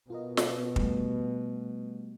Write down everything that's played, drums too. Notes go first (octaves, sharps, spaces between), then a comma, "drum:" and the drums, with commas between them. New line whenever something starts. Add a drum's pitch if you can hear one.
B2 F4 A#4 D#5
drum: snare
G3 A3, drum: kick